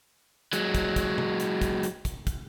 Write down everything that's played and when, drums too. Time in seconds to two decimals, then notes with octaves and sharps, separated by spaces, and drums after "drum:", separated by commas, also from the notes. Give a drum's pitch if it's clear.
0.53 F#3 G#3, drum: hi-hat
0.75 drum: kick, hi-hat
0.96 drum: kick, hi-hat
1.18 drum: tom C3
1.40 drum: hi-hat
1.62 drum: kick, hi-hat
1.83 drum: hi-hat
2.05 drum: kick, hi-hat
2.27 drum: kick, hi-hat